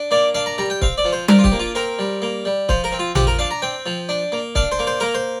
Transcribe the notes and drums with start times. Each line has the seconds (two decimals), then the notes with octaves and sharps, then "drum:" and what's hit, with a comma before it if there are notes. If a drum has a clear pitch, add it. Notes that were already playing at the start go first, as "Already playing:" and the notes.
Already playing: D4
0.11 A#3 D5
0.35 D4 F5
0.46 A#5
0.58 G3 A#5
0.70 G5
0.82 C4 F5, drum: kick
0.98 D5
1.05 F3
1.13 C5
1.28 D4 A#4, drum: tom G3
1.39 F4
1.44 G4, drum: kick
1.52 A#3
1.60 F4
1.75 C4 A#4
1.99 G3
2.22 A#3
2.45 G3
2.69 F3 C5, drum: kick
2.84 A#4
2.92 C4
2.99 F4
3.15 F3 G4, drum: tom A1
3.27 A#4
3.39 D4 F5
3.51 A#5
3.62 C4 G5
3.86 F3
4.09 D4
4.32 A#3
4.55 D4 F5, drum: kick
4.72 C5
4.79 A#3
4.87 C5
5.00 A#3 A#4
5.14 C5